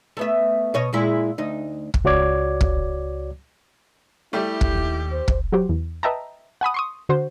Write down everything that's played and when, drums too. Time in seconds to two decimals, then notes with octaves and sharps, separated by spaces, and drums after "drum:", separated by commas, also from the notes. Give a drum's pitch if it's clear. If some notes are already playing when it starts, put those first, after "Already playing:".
0.17 A3 B3 E5
0.74 B2 C#5 D#5
0.93 A#2 G#3 E4
1.38 D2 D#4
1.94 drum: kick
2.04 C#2 F#4 C#5 D5 D6 G#6
2.61 drum: kick
4.33 G3 A3 E4 G4
4.61 drum: kick
4.75 D#2
5.12 C5
5.28 drum: kick
5.52 F#3 F#4 G4 C5
5.69 E2
6.03 B4 D#5 E5 G5 A5 A#5
6.61 F#5 G#5 B5 D#6
6.74 C6 C#6 D#6
7.09 D3 F#4 C5